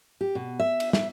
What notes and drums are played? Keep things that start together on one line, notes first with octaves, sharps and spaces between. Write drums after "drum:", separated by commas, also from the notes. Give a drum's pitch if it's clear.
G4
B2
E5
drum: cymbal
E5, drum: snare